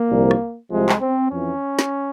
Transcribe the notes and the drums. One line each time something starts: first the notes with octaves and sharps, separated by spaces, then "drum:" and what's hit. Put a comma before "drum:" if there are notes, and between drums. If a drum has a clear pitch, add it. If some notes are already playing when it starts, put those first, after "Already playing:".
Already playing: A#3
C2 A#2 F3
drum: rim click
C2 C3 F3 G#3
drum: clap
C4
F2 E3 C#4
drum: snare